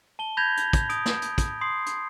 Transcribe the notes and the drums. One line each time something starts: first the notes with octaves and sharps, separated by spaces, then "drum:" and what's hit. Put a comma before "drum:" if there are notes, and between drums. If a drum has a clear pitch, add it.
A5 G7
B5 G6 G#6 A#6 B6 F7
drum: hi-hat
drum: kick, hi-hat
D#6 D7, drum: hi-hat
drum: snare
drum: hi-hat
drum: kick, hi-hat
C6 D#6 C7
drum: hi-hat